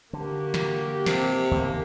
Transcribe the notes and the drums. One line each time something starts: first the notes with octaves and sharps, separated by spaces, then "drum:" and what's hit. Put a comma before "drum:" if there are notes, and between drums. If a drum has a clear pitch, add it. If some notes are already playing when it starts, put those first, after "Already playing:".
D3 A#3 F#4 G4
drum: snare
C3, drum: snare
D#2 C#3 A3 A#3 G4